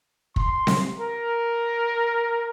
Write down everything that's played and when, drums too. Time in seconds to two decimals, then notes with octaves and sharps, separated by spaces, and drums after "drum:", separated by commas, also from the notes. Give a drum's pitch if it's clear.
0.36 C6, drum: kick
0.67 drum: snare C4
0.99 A#4